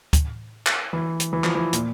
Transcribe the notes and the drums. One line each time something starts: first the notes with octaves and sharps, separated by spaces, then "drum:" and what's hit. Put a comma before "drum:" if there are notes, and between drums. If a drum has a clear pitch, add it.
drum: kick, hi-hat
drum: clap
E3
drum: hi-hat
E3
F3, drum: clap
E3
A#2, drum: hi-hat